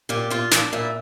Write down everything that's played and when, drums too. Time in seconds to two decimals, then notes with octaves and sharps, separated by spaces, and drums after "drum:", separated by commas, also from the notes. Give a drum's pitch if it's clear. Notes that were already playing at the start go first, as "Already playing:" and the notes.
0.09 A#2 G4
0.30 A#2 F4
0.51 A#2 D4, drum: snare
0.73 A#2 E4